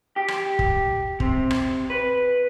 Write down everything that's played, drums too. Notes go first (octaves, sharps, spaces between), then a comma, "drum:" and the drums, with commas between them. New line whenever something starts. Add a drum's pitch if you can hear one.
G4
drum: rim click
drum: kick
C3, drum: kick
drum: rim click
B4